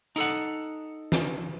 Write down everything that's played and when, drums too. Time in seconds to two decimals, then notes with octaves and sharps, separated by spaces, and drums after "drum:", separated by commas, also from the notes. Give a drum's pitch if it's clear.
0.16 D#4 A4 F#5, drum: hi-hat
1.12 drum: snare